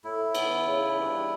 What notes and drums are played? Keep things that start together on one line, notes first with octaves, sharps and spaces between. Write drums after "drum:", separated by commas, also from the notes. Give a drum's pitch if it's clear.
A2 E4
E3 B3, drum: cymbal
C#3
E3 G3 B3 D4